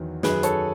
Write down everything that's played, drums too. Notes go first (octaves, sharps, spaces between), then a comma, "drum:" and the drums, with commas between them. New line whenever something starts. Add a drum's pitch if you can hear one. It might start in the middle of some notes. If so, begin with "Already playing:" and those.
Already playing: E2 D#3 F#3
F#2 D#3 F#3 G#4 B4, drum: snare
A4 C#5, drum: hi-hat